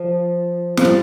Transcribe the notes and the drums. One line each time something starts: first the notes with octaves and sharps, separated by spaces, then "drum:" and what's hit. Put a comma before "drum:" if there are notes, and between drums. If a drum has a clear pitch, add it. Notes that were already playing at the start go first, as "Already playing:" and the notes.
Already playing: F3
F3, drum: snare
G3